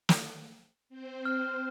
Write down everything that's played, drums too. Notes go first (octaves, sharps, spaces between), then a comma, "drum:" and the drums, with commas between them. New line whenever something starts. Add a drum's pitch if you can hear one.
drum: snare
C4 C5
F6